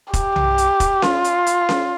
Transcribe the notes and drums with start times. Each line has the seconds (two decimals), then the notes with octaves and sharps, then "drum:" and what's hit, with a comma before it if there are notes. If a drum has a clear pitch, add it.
0.13 G4, drum: kick, hi-hat
0.36 drum: tom B1
0.58 drum: hi-hat
0.80 drum: kick, hi-hat
1.02 F4, drum: snare C#4
1.24 drum: hi-hat
1.47 drum: hi-hat
1.69 drum: snare C#4